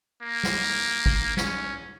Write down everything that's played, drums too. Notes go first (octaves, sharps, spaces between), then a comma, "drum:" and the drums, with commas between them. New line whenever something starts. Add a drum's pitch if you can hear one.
A#3
drum: snare
drum: kick
C#4, drum: snare